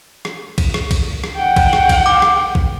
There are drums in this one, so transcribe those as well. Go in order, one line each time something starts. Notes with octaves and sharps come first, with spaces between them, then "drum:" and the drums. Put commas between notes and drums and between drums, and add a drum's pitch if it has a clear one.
drum: rim click
drum: kick A#1, cymbal
drum: rim click
drum: kick A#1, cymbal
drum: rim click
F#5 G5
drum: kick A#1, cymbal
drum: rim click
drum: kick A#1, cymbal
D6
drum: rim click
drum: kick A#1